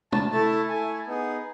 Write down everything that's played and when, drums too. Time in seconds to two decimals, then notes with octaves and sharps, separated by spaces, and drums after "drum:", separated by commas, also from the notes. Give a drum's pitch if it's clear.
0.12 A5, drum: tom
0.31 A3 E4 A4 A5
0.68 A3 E4 A4 G#5
1.07 B3 D#4 G#4